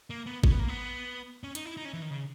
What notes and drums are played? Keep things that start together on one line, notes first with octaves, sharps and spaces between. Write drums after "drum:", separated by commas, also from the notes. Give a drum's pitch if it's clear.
A#3
B3
C#4, drum: kick G#1
B3
A#3
B3
C#4
D#4, drum: hi-hat
E4
D#4
C#4
E3
D#3
C#3